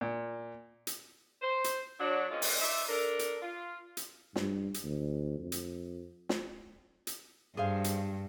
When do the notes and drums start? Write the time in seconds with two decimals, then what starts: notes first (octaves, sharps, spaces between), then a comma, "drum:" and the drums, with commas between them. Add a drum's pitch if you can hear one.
0.01 A#2
0.87 drum: hi-hat
1.42 C5
1.64 drum: hi-hat
2.00 F#3 D4
2.31 G#3 A#3 C4 C#4 F4 D#5
2.42 drum: open hi-hat
2.61 D#4 F4 D5 E5
2.89 D4 A4 A#4
3.19 drum: hi-hat
3.42 F4
3.97 drum: hi-hat
4.36 G2, drum: snare
4.74 drum: hi-hat
4.84 D2
5.39 F2
5.52 drum: hi-hat
6.29 drum: snare
7.07 drum: hi-hat
7.57 G2 G#4 C5 F5
7.84 drum: hi-hat